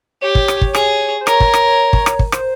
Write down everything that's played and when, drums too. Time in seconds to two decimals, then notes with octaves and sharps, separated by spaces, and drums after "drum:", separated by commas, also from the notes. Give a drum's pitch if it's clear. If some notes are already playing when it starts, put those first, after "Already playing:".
0.22 G4 C#5
0.35 drum: kick
0.48 drum: rim click
0.61 drum: kick
0.75 G#4, drum: rim click
1.21 C5
1.27 A#4 C#5, drum: rim click
1.40 drum: kick
1.54 drum: rim click
1.93 drum: kick
2.06 drum: rim click
2.19 drum: kick
2.32 C5, drum: rim click